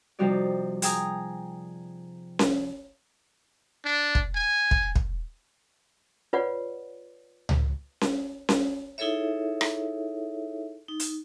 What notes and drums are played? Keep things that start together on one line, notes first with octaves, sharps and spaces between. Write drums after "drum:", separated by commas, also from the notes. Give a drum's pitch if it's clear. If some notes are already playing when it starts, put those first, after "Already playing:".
C3 F3 G3 D#4 F#4 D5
G#4 G5 G#5 A#5 D#6, drum: hi-hat
drum: snare C#4
D4
drum: kick
G#5
drum: kick
drum: kick
F4 B4 C#5 D5 F#5
drum: tom C#2
drum: snare C#4
drum: snare C#4
D#4 E4 G#4 A4 C#5 E5
drum: rim click
D#4
drum: hi-hat